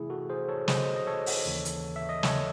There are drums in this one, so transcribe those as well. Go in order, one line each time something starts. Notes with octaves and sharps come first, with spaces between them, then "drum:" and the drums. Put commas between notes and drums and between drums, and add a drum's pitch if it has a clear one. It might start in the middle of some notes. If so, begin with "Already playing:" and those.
Already playing: C3 E3 A3 E4 G#4
F#4 A4
G#4 C5
A4 C#5
C5 D#5, drum: snare
D#5
A4 C#5
drum: open hi-hat
D#2 C#3 E3
drum: hi-hat
E5
D#5
A4 C#5, drum: snare